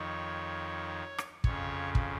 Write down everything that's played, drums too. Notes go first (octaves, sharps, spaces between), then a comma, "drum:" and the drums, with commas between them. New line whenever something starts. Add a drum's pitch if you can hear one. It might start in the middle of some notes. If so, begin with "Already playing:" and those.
Already playing: F2 D#3 C#5
drum: rim click
F2 C#3 C#5, drum: kick
drum: kick